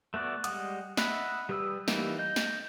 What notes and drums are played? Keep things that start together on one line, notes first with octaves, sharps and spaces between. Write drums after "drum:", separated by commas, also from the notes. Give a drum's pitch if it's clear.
A3 B3 F#4 D5
G3 G#3 F#5 D#6, drum: hi-hat
D#5 E5 F#5 B5, drum: snare
G3 G4 B4 D#6 E6
E3 G3 A#3 D#4, drum: snare
D#5 G6
drum: snare